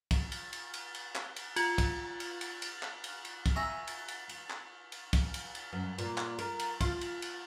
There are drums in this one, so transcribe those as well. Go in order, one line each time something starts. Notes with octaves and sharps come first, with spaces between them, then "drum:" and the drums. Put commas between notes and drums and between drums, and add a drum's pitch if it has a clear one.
drum: kick, cymbal
drum: cymbal
drum: cymbal
drum: cymbal
drum: cymbal
drum: clap
drum: cymbal
F4, drum: cymbal
drum: kick, cymbal
drum: cymbal
drum: cymbal
drum: cymbal
drum: clap
drum: cymbal
drum: cymbal
drum: kick, cymbal
E5 G#5 A#5 C#6
drum: cymbal
drum: cymbal
drum: cymbal
drum: clap
drum: cymbal
drum: kick, cymbal
drum: cymbal
drum: cymbal
F#2
A#2, drum: cymbal
drum: clap
A#4, drum: cymbal
drum: cymbal
F4, drum: kick, cymbal
drum: cymbal
drum: cymbal